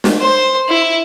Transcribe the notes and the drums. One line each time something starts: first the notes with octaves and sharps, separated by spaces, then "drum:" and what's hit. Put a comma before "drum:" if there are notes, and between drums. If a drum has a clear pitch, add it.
drum: snare
C5
E4